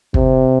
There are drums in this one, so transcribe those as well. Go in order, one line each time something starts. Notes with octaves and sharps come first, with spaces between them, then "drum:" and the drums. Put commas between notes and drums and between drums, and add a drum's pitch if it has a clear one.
C3, drum: kick